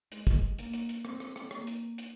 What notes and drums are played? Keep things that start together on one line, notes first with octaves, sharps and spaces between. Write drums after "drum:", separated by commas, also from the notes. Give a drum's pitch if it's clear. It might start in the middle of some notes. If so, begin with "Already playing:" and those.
G#3, drum: hi-hat
drum: kick, hi-hat
A#3, drum: hi-hat
drum: hi-hat
drum: hi-hat
C4, drum: rim click
drum: rim click
drum: rim click
A#3, drum: rim click
drum: hi-hat
drum: hi-hat